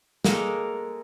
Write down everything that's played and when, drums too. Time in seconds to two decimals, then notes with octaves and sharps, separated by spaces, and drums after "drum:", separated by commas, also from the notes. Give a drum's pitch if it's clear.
0.25 G#3 A#3 A4 A#4, drum: snare